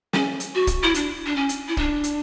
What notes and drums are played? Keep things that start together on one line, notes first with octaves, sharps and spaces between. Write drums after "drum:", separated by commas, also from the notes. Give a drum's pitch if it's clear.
C#4, drum: snare
drum: hi-hat
F#4
drum: kick, hi-hat
E4
D4, drum: hi-hat
D4
C#4
drum: hi-hat
E4
D4, drum: kick
drum: hi-hat